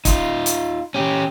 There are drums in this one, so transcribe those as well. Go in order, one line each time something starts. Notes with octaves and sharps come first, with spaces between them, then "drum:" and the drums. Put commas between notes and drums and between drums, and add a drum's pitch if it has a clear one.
D#4 F4, drum: kick, hi-hat
drum: hi-hat
C#4 G4